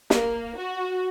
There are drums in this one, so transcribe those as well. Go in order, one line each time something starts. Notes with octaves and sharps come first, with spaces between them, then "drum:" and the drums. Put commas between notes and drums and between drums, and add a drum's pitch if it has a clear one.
A#3, drum: snare
F#4